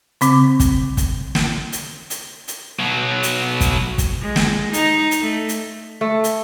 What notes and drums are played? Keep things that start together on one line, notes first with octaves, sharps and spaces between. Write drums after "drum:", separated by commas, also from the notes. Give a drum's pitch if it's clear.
C#3 C4 D6, drum: hi-hat
drum: kick, hi-hat
drum: kick, hi-hat
drum: snare
drum: hi-hat
drum: hi-hat
drum: hi-hat
B2 F#3
drum: hi-hat
drum: kick, hi-hat
drum: kick, hi-hat
G#3
drum: snare
D#4, drum: hi-hat
drum: hi-hat
A3
drum: hi-hat
A3
drum: hi-hat